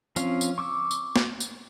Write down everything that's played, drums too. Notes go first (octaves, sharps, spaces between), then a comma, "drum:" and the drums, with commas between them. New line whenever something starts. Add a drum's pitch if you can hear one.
F3 C4 C#4 F5, drum: tambourine
drum: tambourine
C#6 D6 E6
drum: tambourine
drum: snare
drum: tambourine